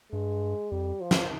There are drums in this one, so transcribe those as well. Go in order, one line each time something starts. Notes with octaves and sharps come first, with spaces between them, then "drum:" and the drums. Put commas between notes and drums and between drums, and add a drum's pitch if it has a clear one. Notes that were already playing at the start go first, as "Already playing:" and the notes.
G2 G#3
F2 G3
F3
drum: snare